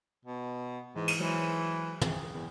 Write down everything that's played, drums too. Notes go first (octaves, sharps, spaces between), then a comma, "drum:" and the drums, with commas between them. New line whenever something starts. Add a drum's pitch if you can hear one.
B2
G#2 E3
drum: cymbal
E3 F#3 G#3 C5
C4 G#4, drum: tom
E2